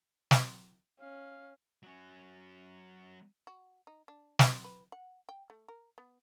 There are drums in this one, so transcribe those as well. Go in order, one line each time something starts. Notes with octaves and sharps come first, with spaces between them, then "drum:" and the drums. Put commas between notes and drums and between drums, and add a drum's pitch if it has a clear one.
drum: snare
C#4 F5
F#3 C#4
F#4
D#4
D4
D4, drum: snare
B4
F#5
G5
A3
A#4
B3